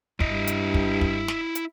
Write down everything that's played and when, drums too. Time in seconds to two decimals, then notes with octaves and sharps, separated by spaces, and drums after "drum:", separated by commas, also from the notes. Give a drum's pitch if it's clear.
0.20 G2 E4 D#5, drum: kick
0.47 drum: hi-hat
0.74 drum: kick
1.01 drum: kick
1.28 drum: snare
1.55 drum: hi-hat